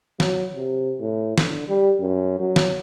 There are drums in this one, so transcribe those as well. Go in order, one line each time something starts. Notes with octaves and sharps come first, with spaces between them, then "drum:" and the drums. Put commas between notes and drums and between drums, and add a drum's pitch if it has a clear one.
F#3, drum: snare
C3
A2
D3, drum: snare
G3
F#2
F#3
drum: snare